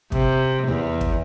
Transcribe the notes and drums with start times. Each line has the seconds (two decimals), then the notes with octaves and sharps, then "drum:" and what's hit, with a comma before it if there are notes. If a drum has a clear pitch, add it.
0.12 C3, drum: kick
0.67 E2
1.01 drum: kick